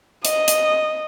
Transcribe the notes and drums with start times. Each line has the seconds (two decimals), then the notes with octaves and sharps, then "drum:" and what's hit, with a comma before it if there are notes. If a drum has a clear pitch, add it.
0.25 D#5, drum: hi-hat
0.48 drum: hi-hat